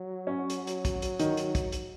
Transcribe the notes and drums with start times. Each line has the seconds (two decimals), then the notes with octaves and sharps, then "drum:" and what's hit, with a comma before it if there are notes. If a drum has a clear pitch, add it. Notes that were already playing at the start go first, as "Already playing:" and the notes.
Already playing: F#3
0.27 C#4
0.50 drum: hi-hat
0.67 drum: hi-hat
0.85 drum: kick, hi-hat
1.02 drum: hi-hat
1.19 D#3, drum: hi-hat
1.37 drum: hi-hat
1.55 drum: kick, hi-hat
1.72 drum: hi-hat